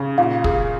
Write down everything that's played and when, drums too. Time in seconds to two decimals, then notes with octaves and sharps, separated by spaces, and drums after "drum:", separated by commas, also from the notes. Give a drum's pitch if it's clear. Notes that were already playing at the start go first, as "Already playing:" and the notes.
Already playing: C#3
0.18 A#2 F5
0.44 G#4, drum: kick